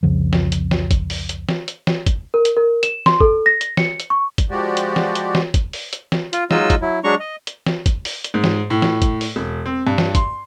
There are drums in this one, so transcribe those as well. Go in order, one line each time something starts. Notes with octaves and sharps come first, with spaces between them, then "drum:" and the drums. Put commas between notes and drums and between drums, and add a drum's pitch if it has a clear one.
C2 F2 C#3 F3
drum: snare
drum: hi-hat
drum: snare
drum: kick, hi-hat
drum: open hi-hat
drum: hi-hat
drum: snare
drum: hi-hat
drum: snare
drum: kick, hi-hat
A#4
drum: hi-hat
A#4
E7, drum: hi-hat
C6, drum: snare
A4, drum: kick
A#6
drum: hi-hat
C#7, drum: snare
drum: hi-hat
C#6
drum: kick, hi-hat
F3 G#3 F#4 G4 D5
drum: hi-hat
drum: snare
drum: hi-hat
drum: snare
drum: kick, hi-hat
drum: open hi-hat
drum: hi-hat
drum: snare
F4, drum: hi-hat
F#3 G#3 D#4 F4 D#5 E6, drum: snare
drum: kick, hi-hat
F#3 E4
F#3 G#3 D4 A#5 C#6
D#5
drum: hi-hat
drum: snare
drum: kick, hi-hat
drum: open hi-hat
drum: hi-hat
G#2
drum: snare
A2
drum: snare
drum: kick, hi-hat
drum: open hi-hat
E1
C4
G2
drum: snare
C6, drum: kick, hi-hat